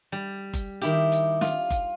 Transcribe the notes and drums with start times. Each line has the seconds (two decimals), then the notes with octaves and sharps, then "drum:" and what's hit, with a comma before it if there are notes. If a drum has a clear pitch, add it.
0.12 G3
0.53 drum: kick F#1, hi-hat
0.81 D#3 E4 G4, drum: hi-hat
1.12 drum: hi-hat
1.41 F4, drum: snare
1.70 drum: kick F#1, hi-hat